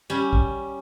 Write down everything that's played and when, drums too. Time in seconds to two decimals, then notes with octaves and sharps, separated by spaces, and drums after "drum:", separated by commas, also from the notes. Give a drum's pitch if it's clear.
0.10 G3 C#4 G#5
0.33 drum: kick